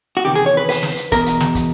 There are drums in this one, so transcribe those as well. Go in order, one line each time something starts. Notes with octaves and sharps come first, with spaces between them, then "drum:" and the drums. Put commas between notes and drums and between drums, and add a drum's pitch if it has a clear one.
F#4
E2 C3 D#3 G4
G#4
C#5
B4
B4, drum: open hi-hat
drum: snare
drum: hi-hat
E2 B2 A#4, drum: kick, hi-hat
drum: hi-hat
drum: snare
drum: kick, hi-hat